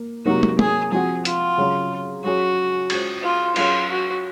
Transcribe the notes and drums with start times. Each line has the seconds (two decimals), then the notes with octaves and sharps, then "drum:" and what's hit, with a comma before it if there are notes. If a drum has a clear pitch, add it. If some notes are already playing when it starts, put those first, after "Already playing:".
Already playing: A#3
0.25 C3 F#3 A#3 D#4 F#4
0.43 drum: tom
0.59 G#4, drum: tom
0.92 F3 C4 F#4 G#4
1.25 F4, drum: hi-hat
1.58 C#3 F#3 C#4
2.24 F#3 C#4 F#4 G#4
2.90 G#3 C#4 F4 C5, drum: cymbal
3.23 F4
3.56 F#3 C#4 F4 G#4, drum: cymbal
3.89 F#4